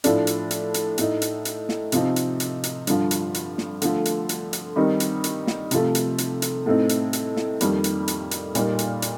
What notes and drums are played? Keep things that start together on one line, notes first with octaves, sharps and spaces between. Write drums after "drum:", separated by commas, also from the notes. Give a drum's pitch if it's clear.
A2 F3 A3 D4, drum: hi-hat
drum: hi-hat
drum: hi-hat
drum: hi-hat
A2 A3 D#4, drum: hi-hat
drum: hi-hat
drum: hi-hat
drum: snare
C3 F3 C4 D#4, drum: hi-hat
drum: hi-hat
drum: hi-hat
drum: hi-hat
G2 D3 F3, drum: hi-hat
drum: hi-hat
drum: hi-hat
drum: snare
D3 F3 A3, drum: hi-hat
drum: hi-hat
drum: hi-hat
drum: hi-hat
D#3 G3 C4 D#4
drum: hi-hat
drum: hi-hat
drum: snare
C3 F3 A3, drum: hi-hat
drum: hi-hat
drum: hi-hat
drum: hi-hat
A2 A3 C4 D#4
drum: hi-hat
drum: hi-hat
drum: snare
F2 D#3 G3 A#3, drum: hi-hat
drum: hi-hat
drum: hi-hat
drum: hi-hat
A#2 G3 A#3 D#4, drum: hi-hat
drum: hi-hat
drum: hi-hat